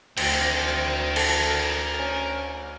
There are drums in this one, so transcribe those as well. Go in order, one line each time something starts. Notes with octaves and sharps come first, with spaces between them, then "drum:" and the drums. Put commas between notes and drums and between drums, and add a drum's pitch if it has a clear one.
D2 C4 A#4 G5, drum: cymbal
A4, drum: cymbal
C#4